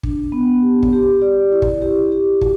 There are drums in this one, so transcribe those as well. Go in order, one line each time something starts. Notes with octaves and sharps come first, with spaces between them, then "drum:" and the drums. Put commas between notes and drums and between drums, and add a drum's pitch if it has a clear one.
D4, drum: kick
B3
G4
drum: kick
G4
D5
E4
drum: kick
G4
G4
F#4, drum: kick